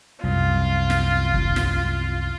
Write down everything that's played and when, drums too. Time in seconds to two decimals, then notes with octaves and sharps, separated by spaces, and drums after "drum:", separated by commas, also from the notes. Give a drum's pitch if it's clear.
0.23 C2 F#2 F4
0.90 drum: snare
1.34 drum: kick
1.56 drum: snare